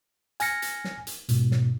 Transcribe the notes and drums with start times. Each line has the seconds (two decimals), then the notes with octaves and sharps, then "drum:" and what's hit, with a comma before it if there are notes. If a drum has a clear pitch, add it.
0.40 G#5 F6 A#6 C#7, drum: hi-hat
0.62 drum: hi-hat
0.84 drum: snare
1.07 drum: hi-hat
1.29 G#2 B2, drum: hi-hat
1.51 drum: snare